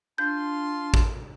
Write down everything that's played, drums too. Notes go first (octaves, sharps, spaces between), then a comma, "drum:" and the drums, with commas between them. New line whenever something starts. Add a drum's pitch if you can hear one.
D4 F4 A5 C6 G6
drum: kick